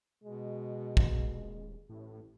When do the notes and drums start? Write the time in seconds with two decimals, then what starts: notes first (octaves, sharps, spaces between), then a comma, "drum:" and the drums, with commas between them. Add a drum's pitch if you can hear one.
0.24 B2 G#3
0.97 D#1 G#3, drum: kick
1.89 A1 A2